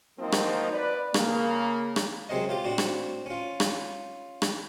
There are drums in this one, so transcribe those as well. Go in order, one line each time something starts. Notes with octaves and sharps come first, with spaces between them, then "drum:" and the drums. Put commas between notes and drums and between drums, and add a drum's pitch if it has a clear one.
D#3 F3 F#3 A#3 C4 D#4
drum: rim click
B4 D5
C#3 A#3, drum: rim click
drum: rim click
F#2 C3 G#3 C4 C#4 D#5
A3 F4 G4
A2 C4 D4 F#4
drum: rim click
C#4 F4
drum: rim click
drum: rim click